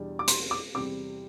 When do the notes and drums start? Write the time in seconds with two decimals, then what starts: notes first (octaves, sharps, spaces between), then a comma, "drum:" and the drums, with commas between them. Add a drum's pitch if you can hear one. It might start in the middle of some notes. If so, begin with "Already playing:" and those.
Already playing: E2 B2 G3 D4
0.19 D6
0.28 C6, drum: hi-hat
0.51 D6
0.75 E2 C3 G3 C4 D6